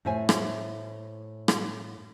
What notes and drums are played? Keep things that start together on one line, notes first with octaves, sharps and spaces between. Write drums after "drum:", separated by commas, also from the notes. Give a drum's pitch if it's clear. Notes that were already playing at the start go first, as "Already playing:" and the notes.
A2 C5 E5 G#5
drum: rim click
drum: rim click